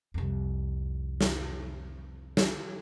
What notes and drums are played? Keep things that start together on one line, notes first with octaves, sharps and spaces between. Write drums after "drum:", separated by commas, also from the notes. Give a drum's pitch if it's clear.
C2 F2
drum: snare
drum: snare